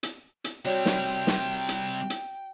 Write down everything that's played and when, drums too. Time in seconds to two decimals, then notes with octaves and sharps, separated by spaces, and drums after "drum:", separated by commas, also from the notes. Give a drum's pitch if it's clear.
0.03 drum: hi-hat
0.44 drum: hi-hat
0.65 C3 G3 F#4 C#5 D5 G5
0.86 drum: snare
1.27 drum: snare
1.69 drum: hi-hat
2.10 drum: hi-hat